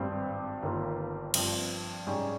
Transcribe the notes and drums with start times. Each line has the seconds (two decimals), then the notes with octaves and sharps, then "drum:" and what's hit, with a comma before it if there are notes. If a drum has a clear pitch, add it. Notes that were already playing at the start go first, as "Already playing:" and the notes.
Already playing: G#1 G2 G3 C4
0.62 G1 G2 D#3 A#3 F4
1.34 G2 F3 C4, drum: cymbal
2.07 G#2 G3 C#4 G#4